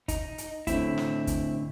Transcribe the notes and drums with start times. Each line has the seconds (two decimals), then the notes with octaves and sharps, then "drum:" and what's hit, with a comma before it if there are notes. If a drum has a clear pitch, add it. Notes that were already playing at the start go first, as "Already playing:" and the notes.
0.08 D#4, drum: kick, hi-hat
0.38 drum: hi-hat
0.67 A2 D3 C4 E4, drum: kick, hi-hat
0.98 drum: snare
1.27 drum: kick, hi-hat